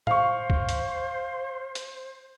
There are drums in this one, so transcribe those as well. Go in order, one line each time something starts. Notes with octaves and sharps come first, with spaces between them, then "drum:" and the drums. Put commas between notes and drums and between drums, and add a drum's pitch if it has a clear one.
C5 F5 C#6, drum: tom
drum: kick
drum: hi-hat
drum: hi-hat